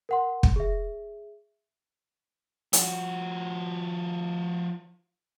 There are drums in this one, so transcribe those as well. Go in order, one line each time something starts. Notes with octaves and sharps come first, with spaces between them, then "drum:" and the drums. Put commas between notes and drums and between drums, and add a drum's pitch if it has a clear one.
A#4 F#5 C6
drum: kick
G#4 E5
F3 F#4, drum: hi-hat